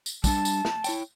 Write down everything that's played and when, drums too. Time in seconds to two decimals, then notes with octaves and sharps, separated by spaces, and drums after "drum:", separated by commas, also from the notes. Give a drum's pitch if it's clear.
0.06 drum: tambourine
0.24 G3 D4 A5, drum: kick, tambourine
0.45 drum: tambourine
0.65 drum: snare
0.84 E4 C#5 G5, drum: tambourine